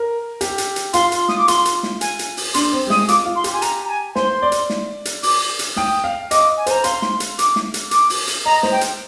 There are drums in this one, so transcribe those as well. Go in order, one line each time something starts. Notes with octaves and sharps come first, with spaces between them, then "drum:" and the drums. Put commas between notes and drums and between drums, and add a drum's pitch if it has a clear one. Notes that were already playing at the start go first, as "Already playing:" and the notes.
Already playing: A#4
G4, drum: hi-hat
drum: hi-hat
drum: hi-hat
F4 C6, drum: hi-hat
drum: hi-hat
D#6, drum: snare
D6
F4 C6, drum: hi-hat
drum: hi-hat
drum: snare
G#5, drum: hi-hat
drum: hi-hat
drum: open hi-hat
D4 C6, drum: hi-hat
C4
G3
G#3 D#6, drum: snare
F4 D6, drum: hi-hat
F4
C6
G4, drum: hi-hat
G#5
A#5, drum: hi-hat
A#5
G#5
C5 C6, drum: snare
D5
drum: hi-hat
drum: snare
drum: hi-hat
D6, drum: open hi-hat
drum: hi-hat
G5 D#6, drum: snare
F5
D#5 D6, drum: hi-hat
G#5
C5 A#5, drum: hi-hat
F5 C6, drum: hi-hat
drum: snare
drum: hi-hat
D6, drum: hi-hat
drum: snare
drum: hi-hat
D6, drum: hi-hat
drum: open hi-hat
drum: hi-hat
D#5 A#5
C5, drum: snare
G5
drum: hi-hat